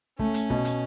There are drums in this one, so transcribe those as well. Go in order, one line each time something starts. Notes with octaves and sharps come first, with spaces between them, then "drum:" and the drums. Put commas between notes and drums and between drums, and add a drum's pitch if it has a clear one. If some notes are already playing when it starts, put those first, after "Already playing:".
A3 C#4, drum: kick
drum: hi-hat
B2, drum: kick
drum: hi-hat